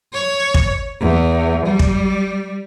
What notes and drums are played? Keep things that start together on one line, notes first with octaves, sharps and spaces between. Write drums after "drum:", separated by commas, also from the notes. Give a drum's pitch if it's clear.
C#5
drum: kick
E2
G3
drum: kick